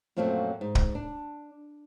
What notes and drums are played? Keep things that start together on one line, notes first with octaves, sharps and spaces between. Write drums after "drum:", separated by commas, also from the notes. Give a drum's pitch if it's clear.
F#2 A#2 F3 F#3 A3 C4
G#2
drum: kick
D4